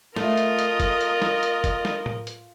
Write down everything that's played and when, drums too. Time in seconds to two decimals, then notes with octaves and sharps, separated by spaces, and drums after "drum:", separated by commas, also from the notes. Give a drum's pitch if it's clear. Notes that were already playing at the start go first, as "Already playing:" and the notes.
0.16 A3 F4 A#4 D#5, drum: snare
0.37 drum: hi-hat
0.59 drum: hi-hat
0.80 drum: kick, hi-hat
1.01 drum: hi-hat
1.22 drum: snare
1.43 drum: hi-hat
1.64 drum: kick, hi-hat
1.85 drum: snare
2.06 drum: tom A2
2.27 drum: hi-hat